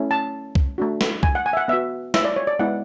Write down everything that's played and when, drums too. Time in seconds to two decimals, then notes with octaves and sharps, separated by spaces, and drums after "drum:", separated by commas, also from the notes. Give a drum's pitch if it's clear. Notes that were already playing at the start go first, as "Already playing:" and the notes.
Already playing: A3 C#4 E4
0.11 A5
0.55 drum: kick C2
0.78 A3 D4 F#4
1.01 drum: snare
1.23 G#5, drum: kick C2
1.35 F#5
1.46 G#5
1.53 E5
1.57 F#5
1.68 B3 F#4 E5
2.14 E5, drum: snare
2.25 D5
2.36 C#5
2.47 D5
2.59 G#3 B3 E4 F#5